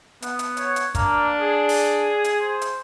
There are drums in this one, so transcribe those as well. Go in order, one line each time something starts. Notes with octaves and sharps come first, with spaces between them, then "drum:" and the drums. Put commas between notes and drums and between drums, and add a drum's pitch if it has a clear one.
B3, drum: hi-hat
drum: hi-hat
C#5, drum: hi-hat
drum: hi-hat
A#3 D4, drum: kick, hi-hat
G#4
drum: open hi-hat
drum: hi-hat
C5
drum: hi-hat